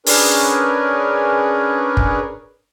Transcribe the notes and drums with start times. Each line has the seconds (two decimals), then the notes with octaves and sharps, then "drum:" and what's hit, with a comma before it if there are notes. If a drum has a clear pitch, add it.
0.06 C#4 D4 G#4 A#4 B4 C#5, drum: open hi-hat
1.97 drum: kick